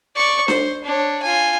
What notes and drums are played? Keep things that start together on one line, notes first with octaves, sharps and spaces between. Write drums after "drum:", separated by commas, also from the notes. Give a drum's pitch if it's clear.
D5 C#6
C5, drum: snare D4
D4 C#5
F4 G#5